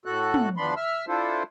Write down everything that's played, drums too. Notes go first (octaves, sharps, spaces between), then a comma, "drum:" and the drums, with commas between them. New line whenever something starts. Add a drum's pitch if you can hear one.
A2 F#4 A4 F#6
drum: tom
E2 F3 B3 D4 B5 C6
E5 E6 F6
D4 E4 F4 A4 C5